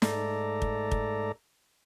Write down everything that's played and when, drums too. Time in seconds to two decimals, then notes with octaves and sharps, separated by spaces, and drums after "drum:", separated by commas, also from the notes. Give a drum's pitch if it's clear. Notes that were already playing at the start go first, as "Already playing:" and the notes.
0.02 G#2 A3 A4 D5 A#5, drum: snare
0.62 drum: kick
0.91 drum: kick